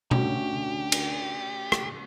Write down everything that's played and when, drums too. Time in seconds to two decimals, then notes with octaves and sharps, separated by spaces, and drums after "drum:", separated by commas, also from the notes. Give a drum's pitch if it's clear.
0.11 D2 A3 C#4 F#4 G4, drum: tom B2
0.92 drum: cymbal
1.72 drum: rim click